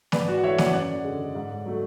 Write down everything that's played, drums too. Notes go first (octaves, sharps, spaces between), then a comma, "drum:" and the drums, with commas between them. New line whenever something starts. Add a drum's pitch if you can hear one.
G#2 B4 D5, drum: snare
F#4
F#5
E3 A3 C#5 E5
D5 F#5, drum: snare
F#2 D5 F#5
D3 G#3
G#2
F#3 A3